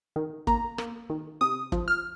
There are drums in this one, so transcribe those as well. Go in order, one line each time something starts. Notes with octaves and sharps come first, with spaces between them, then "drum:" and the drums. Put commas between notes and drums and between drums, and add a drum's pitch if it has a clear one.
D#3
A#3 A#5, drum: kick
A#3, drum: rim click
D#3
C3 D#6
F3, drum: kick
F6